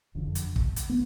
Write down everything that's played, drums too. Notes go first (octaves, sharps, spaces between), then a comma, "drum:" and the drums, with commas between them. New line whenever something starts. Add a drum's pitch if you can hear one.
F#1 F2 D3
drum: hi-hat
drum: kick
drum: hi-hat
B3